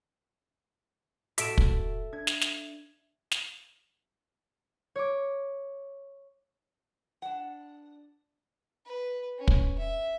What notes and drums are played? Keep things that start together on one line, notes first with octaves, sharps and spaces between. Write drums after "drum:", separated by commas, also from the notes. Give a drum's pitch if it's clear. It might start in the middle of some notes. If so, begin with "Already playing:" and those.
A2 F#4 A4 E5 B6 D7 E7, drum: hi-hat
drum: kick
D4 G#6
drum: snare
drum: snare
drum: snare
C#5 D6
D4 F#5
B4
C#4
drum: kick
E5